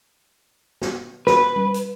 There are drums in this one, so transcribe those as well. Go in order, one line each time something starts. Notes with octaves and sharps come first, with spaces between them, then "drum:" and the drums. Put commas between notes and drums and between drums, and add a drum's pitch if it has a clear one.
drum: snare
B4, drum: snare
drum: tom G3
drum: hi-hat